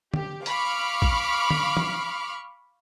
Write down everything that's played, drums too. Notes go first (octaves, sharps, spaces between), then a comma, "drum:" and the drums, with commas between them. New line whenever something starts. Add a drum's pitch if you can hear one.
G4, drum: tom
F5 B5 C#6 D6 F6, drum: hi-hat
drum: kick
drum: tom
drum: tom